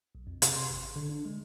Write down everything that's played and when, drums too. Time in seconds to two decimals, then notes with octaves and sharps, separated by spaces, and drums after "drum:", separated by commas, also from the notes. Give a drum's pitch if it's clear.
0.15 B1
0.27 F2
0.42 C3, drum: hi-hat
0.56 C6
0.70 G#1
0.96 D3
1.09 D4
1.25 G#3